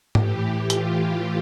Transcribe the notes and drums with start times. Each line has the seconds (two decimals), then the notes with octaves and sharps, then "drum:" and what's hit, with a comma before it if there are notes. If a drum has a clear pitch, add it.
0.15 A2 E3 G4, drum: tom G#2
0.70 F4, drum: hi-hat